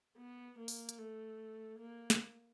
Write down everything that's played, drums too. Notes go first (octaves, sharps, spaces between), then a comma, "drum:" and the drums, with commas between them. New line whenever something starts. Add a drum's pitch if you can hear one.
B3
A#3
drum: open hi-hat
drum: hi-hat
A3
A#3
drum: snare